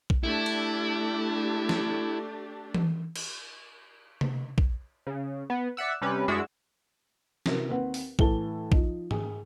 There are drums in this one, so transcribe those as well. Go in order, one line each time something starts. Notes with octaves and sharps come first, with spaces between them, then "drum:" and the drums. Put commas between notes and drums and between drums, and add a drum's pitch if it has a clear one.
drum: kick
A3 D4 E4 G4
drum: cymbal
drum: snare
drum: tom E3
drum: cymbal
drum: tom C3
drum: kick
C#3
B3
D5 E5 F#5 E6
C3 G3 C#4 B4
F#2 G#3 D4 E4 F#4 E6
C3 E3 C4 E4 F#4 A#4, drum: snare
D#2 C4 B4 F#5
drum: open hi-hat
A2 E3 E4 A4 A5 G7, drum: kick
F3 D#4, drum: kick
G#4, drum: tom G#2